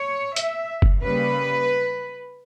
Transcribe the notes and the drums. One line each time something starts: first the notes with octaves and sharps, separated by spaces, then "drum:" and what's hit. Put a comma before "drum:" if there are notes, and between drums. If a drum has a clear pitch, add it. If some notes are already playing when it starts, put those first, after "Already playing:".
Already playing: C#5
E5, drum: hi-hat
drum: kick
C#3 G3 A#3 C#4 B4